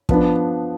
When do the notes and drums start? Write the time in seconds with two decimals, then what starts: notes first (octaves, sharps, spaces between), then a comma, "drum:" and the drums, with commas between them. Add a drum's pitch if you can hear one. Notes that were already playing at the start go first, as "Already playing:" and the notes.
0.09 F3 B3 D4, drum: kick